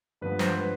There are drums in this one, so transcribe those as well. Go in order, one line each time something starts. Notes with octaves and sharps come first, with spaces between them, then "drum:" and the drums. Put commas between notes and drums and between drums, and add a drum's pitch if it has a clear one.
G2 D3 F3 G#3 B3 B4
C5, drum: snare
B4